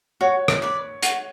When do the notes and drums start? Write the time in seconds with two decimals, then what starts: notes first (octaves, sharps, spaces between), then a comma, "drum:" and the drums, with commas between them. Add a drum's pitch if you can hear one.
0.21 F#4 C#5
0.48 drum: rim click
0.62 B4 D5
1.03 F#4, drum: hi-hat